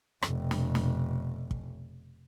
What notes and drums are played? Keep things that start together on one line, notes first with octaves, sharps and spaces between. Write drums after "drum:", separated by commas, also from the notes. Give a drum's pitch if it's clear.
F1 B2, drum: rim click
drum: snare
drum: snare
drum: kick